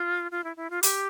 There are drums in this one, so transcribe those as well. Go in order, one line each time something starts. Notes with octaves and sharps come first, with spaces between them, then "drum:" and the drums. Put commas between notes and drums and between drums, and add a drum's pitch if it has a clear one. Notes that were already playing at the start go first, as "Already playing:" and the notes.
Already playing: F4
F4
E4
E4
F4
G4, drum: hi-hat